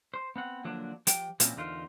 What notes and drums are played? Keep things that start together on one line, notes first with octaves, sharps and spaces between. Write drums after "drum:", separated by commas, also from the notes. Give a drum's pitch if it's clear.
C5
B3 C4 F#5
D3 F3 F#3 A#3 D4
F3 G4 G5, drum: hi-hat
A#2 F3 A#3 C4 C#4 E4, drum: hi-hat
E2 D3 D#4 F4 A#4 C5